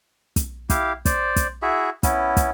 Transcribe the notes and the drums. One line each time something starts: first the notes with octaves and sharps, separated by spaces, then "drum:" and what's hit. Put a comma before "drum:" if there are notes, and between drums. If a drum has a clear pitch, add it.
drum: kick, hi-hat
E4 G4 F5, drum: kick, hi-hat
C5 D5, drum: kick, hi-hat
drum: kick, hi-hat
E4 F#4 G#4 E5
B3 C#4 E4, drum: kick, hi-hat
drum: kick, hi-hat